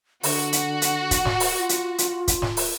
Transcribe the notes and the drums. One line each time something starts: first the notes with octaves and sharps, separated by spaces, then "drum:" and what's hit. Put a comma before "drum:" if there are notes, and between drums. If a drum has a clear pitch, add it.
D3 F#4, drum: open hi-hat
drum: hi-hat
drum: hi-hat
drum: kick, hi-hat
drum: snare
drum: open hi-hat
F4
drum: hi-hat
drum: hi-hat
drum: kick, hi-hat
drum: snare
drum: open hi-hat